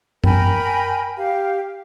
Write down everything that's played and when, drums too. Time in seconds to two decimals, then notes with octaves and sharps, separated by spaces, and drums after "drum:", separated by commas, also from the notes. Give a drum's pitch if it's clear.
0.24 A#4 G5 G#5 B5, drum: tom F#2
1.16 G4 F5